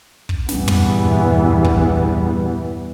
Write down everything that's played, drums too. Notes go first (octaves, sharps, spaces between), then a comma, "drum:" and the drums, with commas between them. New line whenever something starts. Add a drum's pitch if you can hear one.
drum: kick
E2 G2 A#2 E3 G3 B3, drum: snare
drum: tom
drum: kick